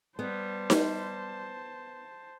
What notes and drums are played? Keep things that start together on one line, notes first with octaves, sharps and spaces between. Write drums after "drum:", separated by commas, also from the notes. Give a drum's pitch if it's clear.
G3 B3 C5 A5
drum: snare D#4